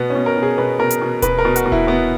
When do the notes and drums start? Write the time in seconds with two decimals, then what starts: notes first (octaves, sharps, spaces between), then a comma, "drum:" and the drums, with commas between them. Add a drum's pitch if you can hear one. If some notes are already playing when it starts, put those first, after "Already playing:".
Already playing: B2 B3
0.10 C#4
0.15 B2
0.26 A#4
0.37 B2
0.42 G#4
0.58 B2 B4
0.79 B2 A#4
0.90 drum: hi-hat
1.02 B2
1.22 B2 B4, drum: kick D#1, hi-hat
1.39 A#4
1.45 B2
1.56 F#4, drum: hi-hat
1.66 B2
1.72 E4, drum: kick D#1
1.87 B2 B3